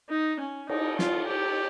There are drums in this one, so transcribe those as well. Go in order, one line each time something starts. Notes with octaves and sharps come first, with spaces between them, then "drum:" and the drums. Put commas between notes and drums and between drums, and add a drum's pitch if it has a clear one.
D#4
C#4
D#4, drum: cymbal
F4, drum: snare
G4